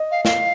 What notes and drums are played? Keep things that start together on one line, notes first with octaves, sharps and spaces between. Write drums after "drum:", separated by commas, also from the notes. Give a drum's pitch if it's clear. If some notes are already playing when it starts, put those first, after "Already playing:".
Already playing: D#5
F5
F5, drum: snare